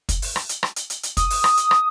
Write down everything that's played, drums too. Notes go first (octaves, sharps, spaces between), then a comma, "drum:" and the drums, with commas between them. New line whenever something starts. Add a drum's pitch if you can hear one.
drum: kick, hi-hat
drum: open hi-hat
drum: rim click
drum: hi-hat
drum: rim click
drum: hi-hat
drum: hi-hat
drum: hi-hat
D#6, drum: kick, hi-hat
drum: open hi-hat
drum: rim click
drum: hi-hat
drum: rim click